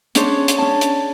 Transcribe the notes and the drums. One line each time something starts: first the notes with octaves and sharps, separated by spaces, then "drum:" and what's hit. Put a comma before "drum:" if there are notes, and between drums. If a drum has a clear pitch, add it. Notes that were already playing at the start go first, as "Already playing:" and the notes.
C#4 D4 G#4 C5 C#5, drum: hi-hat
drum: hi-hat
C#4 A5
drum: hi-hat